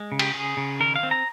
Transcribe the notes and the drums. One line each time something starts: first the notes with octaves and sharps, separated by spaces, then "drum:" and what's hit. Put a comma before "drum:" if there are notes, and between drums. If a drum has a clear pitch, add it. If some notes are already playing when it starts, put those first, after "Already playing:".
Already playing: G#3
C#3
G4, drum: cymbal
C#3 G#4
C#3
D#3 A#4
F5
C4
A#5